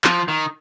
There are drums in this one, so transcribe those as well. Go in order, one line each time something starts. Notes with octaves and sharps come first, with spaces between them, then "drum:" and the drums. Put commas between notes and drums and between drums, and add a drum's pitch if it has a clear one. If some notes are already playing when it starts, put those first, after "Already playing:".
F3, drum: clap
D#3